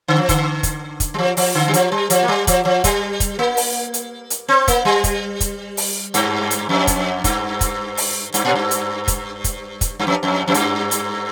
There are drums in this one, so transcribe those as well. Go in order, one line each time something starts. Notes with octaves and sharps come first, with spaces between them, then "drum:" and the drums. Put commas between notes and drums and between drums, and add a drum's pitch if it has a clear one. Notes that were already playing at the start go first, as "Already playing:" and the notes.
D3
F3
D3, drum: kick, hi-hat
drum: kick, hi-hat
drum: kick, hi-hat
G3
F3
F3, drum: open hi-hat
D3
G3
F3, drum: hi-hat
G3
F3, drum: hi-hat
A#3
G3
F3, drum: kick, hi-hat
F3
G3, drum: kick, hi-hat
drum: kick, hi-hat
A#3
drum: open hi-hat
drum: hi-hat
drum: hi-hat
C4
A#3, drum: kick, hi-hat
G3
drum: kick, hi-hat
drum: kick, hi-hat
drum: open hi-hat
G2, drum: hi-hat
drum: hi-hat
F2
drum: kick, hi-hat
G2, drum: kick, hi-hat
drum: kick, hi-hat
drum: open hi-hat
G2, drum: hi-hat
A#2
G2
drum: hi-hat
drum: kick, hi-hat
drum: kick, hi-hat
drum: kick, hi-hat
G2
F2
F2
F2
G2, drum: hi-hat
drum: hi-hat